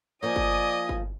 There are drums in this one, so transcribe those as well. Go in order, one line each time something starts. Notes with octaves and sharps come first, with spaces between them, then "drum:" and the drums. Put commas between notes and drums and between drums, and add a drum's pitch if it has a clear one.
F3 A#3 D5 D#5 G#5 D#6
drum: kick G1
drum: kick G1